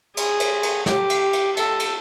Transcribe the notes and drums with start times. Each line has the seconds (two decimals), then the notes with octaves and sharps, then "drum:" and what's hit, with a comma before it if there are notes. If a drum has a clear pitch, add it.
0.17 G#4, drum: cymbal
0.40 drum: cymbal
0.63 drum: cymbal
0.86 G4, drum: snare
1.10 drum: cymbal
1.33 drum: cymbal
1.57 A4, drum: cymbal
1.80 drum: cymbal